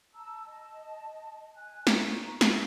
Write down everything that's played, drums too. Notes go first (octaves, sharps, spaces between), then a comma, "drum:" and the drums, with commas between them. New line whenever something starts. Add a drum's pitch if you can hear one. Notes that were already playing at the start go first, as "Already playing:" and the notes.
A5 A#5 E6
D#5 A5
G#5 F#6
A#5 C#6, drum: snare
drum: snare